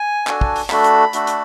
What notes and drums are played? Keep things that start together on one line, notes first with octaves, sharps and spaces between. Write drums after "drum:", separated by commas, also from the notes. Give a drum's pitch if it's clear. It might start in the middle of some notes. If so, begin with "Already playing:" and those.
Already playing: G#5
D4 F#4 A4, drum: clap
drum: kick
drum: open hi-hat
A3 D4 F#4 A4 B5, drum: clap
drum: hi-hat
A3 D4 F#4 A4, drum: hi-hat
drum: hi-hat